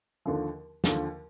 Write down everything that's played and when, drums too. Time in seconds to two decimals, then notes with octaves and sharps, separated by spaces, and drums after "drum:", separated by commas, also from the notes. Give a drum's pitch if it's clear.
0.26 D#2 D3 F3
0.84 D#2 D3 F3, drum: snare